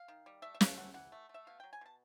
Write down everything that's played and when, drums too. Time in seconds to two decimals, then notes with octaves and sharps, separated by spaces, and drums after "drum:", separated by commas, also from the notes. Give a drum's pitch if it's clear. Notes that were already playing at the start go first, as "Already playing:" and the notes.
Already playing: F5
0.08 D#3
0.26 G3
0.42 A3 E5
0.55 E5
0.61 A3 F5, drum: snare
0.77 E3 F#5
0.94 E3 F#5
1.12 A3
1.29 A3
1.34 E5
1.47 B2 F5
1.60 F#3 G5
1.73 G#5
1.81 B2 A5